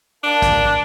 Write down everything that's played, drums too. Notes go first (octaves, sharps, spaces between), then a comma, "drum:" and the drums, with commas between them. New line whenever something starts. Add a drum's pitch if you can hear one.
D4 A#4 F5 A5
drum: kick, hi-hat